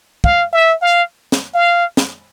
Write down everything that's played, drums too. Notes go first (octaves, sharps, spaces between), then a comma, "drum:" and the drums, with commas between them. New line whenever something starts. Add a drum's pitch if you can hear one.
F5, drum: kick
E5
F5
drum: snare
F5
drum: snare